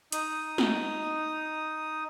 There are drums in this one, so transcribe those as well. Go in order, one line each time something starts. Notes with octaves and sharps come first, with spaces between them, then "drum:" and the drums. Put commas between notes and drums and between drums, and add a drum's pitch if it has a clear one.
D#4 D#6, drum: hi-hat
drum: snare